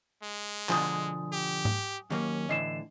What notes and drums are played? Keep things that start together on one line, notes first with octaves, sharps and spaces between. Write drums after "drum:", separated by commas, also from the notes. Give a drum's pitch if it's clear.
G#3
B2 D3 F3 G#5 D#6, drum: clap
G4
drum: tom G#2
D#2 F#3 A#3 C#4
A2 D3 E3 D#5 C7 E7